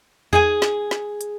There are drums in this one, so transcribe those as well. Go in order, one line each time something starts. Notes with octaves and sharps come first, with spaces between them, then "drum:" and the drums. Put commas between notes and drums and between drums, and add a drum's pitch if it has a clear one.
G#4 G#5, drum: tom E2
drum: snare
drum: snare
drum: hi-hat